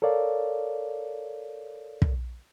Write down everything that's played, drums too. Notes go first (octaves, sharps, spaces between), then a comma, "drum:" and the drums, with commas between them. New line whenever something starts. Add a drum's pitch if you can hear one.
A4 A#4 C#5 D5 F5
drum: kick